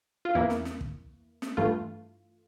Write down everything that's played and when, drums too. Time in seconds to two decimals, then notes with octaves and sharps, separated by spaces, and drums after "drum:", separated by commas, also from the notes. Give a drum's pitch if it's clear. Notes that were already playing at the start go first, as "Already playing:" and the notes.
0.25 F4
0.35 E2 E3 A#3 E4
0.50 drum: snare
0.65 drum: snare
0.81 drum: kick
1.42 drum: snare
1.57 G2 E3 A3 F4